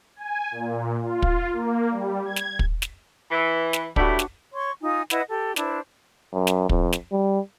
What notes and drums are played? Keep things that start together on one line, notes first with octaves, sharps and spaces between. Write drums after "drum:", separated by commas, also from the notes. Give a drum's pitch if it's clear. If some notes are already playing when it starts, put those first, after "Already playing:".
G#5
A#2
F4
drum: kick
A#3
G3
G#6
drum: snare
drum: kick
drum: snare
E3
drum: snare
G3 A3 D4 E4 F#4, drum: kick
drum: snare
C#5 C6 C#6
D#4 F4 G#5 D#6
E4 B4 D#5 F#5, drum: snare
G4 A4
D4 E4 B4 C5, drum: snare
F#2
drum: snare
F2, drum: kick
drum: snare
G3